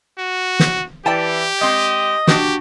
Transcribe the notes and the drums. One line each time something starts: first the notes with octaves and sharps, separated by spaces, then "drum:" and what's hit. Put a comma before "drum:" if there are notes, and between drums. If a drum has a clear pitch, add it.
F#4
drum: snare
E3 G4 D5 G5 A5
G#3 C4 D#5
D4 F#4 G4, drum: snare